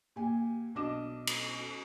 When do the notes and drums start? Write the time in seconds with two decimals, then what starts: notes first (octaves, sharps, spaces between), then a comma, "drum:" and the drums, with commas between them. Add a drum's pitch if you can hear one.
0.16 A#2 G4 G#5
0.75 B1 D4 D#5 D6 E7
1.27 drum: cymbal